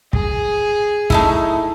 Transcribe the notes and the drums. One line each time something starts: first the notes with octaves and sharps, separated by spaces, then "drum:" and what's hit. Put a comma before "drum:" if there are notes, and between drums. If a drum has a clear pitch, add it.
G#4, drum: kick
A3 D#4 E4, drum: kick